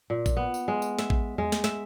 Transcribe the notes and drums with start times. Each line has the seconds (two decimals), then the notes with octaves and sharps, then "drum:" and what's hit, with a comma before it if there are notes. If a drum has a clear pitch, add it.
0.10 A#2
0.26 drum: kick A1, tambourine
0.37 B3
0.54 drum: tambourine
0.68 G#3
0.82 drum: tambourine
0.99 E5, drum: snare
1.10 drum: kick A1
1.38 G#3, drum: tom E2
1.52 drum: snare
1.64 E5, drum: snare